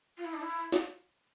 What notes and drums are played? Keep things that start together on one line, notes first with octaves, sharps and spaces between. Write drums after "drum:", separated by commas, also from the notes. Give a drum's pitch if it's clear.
F4
E4
D4
E4
drum: snare